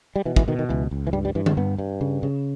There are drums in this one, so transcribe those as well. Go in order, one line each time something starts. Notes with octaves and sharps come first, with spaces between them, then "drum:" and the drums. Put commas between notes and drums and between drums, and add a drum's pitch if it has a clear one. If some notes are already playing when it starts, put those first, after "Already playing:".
G3
B2 E3
E3, drum: kick
B2 D#3
D#3
C#2 E3
C#2
E3
G2 G3
G3
G2 E3
G#3, drum: tom D3
G2 B3
G2
C#3
C#3